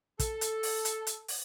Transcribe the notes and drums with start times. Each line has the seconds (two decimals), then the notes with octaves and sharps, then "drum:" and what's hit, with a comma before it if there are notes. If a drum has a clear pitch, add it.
0.19 A4, drum: kick, hi-hat
0.41 drum: hi-hat
0.63 drum: open hi-hat
0.85 drum: hi-hat
1.07 drum: hi-hat
1.28 drum: open hi-hat